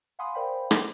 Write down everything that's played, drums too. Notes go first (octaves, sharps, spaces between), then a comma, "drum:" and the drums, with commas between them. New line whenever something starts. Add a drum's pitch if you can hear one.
F5 F#5 G#5 B5 C6 D#6
A#4 C5 D5 F5 G5 B5
drum: rim click